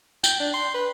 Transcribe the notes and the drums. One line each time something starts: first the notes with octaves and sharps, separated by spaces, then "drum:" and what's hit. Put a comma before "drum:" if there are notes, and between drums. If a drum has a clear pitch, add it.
G5, drum: tambourine
D4
C6
B4